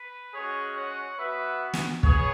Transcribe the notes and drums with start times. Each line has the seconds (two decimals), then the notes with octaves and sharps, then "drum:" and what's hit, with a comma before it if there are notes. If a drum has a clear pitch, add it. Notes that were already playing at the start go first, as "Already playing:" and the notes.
Already playing: B4
0.35 G#3 C#4 F#4 G#4 C#5
0.77 C#5 F#5
1.19 B3 F#4 B4 E5
1.73 drum: snare
2.03 B3 G#4 C#5, drum: kick